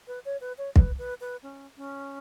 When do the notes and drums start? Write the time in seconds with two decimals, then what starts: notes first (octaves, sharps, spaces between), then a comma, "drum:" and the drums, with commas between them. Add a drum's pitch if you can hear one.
0.08 B4
0.25 C#5
0.41 B4
0.58 C#5
0.76 B4, drum: kick
0.98 B4
1.21 B4
1.43 C#4
1.77 C#4